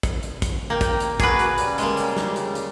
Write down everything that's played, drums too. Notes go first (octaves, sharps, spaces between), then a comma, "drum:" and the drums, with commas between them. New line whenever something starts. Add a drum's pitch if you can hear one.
drum: kick, hi-hat
drum: hi-hat
drum: kick, hi-hat
A#3 G5
drum: kick, hi-hat
drum: hi-hat
F#4 G#4 A#4 B4 D6, drum: kick, hi-hat
drum: hi-hat
C#3 G3, drum: hi-hat
G#3 A#3, drum: hi-hat
drum: hi-hat
drum: snare
drum: hi-hat
drum: hi-hat